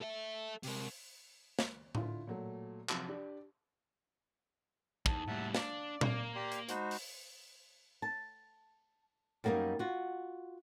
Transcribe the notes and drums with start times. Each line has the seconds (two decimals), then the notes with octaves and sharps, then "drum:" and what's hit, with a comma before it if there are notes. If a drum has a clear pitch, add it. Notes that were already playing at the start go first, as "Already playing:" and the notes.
0.01 A4 E5
0.63 C3 A#4, drum: open hi-hat
1.59 drum: snare
1.95 D3 E4 F4, drum: tom A2
2.27 A#2 F#3 A3
2.89 C3 F3 F#3, drum: clap
3.08 D4 G4 D5
5.06 E2 D#4 A5, drum: kick
5.28 A2 G3 A#3 E5 F#5 A5
5.55 D4 D5 F5, drum: snare
6.01 A#3, drum: tom A#2
6.35 G4 D5 C6
6.52 drum: hi-hat
6.69 G#3 D#4 F#4 C5 B5, drum: hi-hat
6.91 drum: open hi-hat
8.02 A5
9.44 F#2 G3 A#3 D4 D#4
9.79 F4 F#4